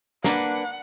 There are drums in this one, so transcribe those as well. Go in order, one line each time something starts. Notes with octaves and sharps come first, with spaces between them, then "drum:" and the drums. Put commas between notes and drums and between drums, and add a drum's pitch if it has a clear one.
A#3 D4 B4 F#5, drum: snare